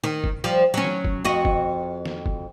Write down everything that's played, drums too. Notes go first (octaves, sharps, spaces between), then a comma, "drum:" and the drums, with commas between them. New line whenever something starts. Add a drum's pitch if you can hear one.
D#3
drum: kick
F3 G3
F#3 C#4
drum: snare
drum: kick
F2 F#4 D#5
drum: kick
drum: snare
drum: kick